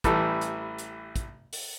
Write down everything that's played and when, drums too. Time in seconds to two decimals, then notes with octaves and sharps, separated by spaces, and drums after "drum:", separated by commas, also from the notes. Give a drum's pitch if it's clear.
0.04 A1 E3 G3 A3 A4, drum: kick, hi-hat
0.41 drum: hi-hat
0.78 drum: hi-hat
1.16 drum: kick, hi-hat
1.53 drum: open hi-hat